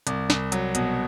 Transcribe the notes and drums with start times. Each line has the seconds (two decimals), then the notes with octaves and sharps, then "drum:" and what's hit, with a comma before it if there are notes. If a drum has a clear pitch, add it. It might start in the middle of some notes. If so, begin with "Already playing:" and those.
0.07 C2, drum: hi-hat
0.30 C2, drum: snare
0.52 F#3, drum: hi-hat
0.75 B2, drum: hi-hat